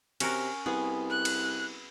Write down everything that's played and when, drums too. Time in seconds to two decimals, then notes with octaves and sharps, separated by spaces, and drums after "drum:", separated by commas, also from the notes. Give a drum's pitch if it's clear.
0.20 C3 C#4 F#4 A#4, drum: cymbal
0.66 C2 B3 G#4
1.10 F#6
1.25 drum: cymbal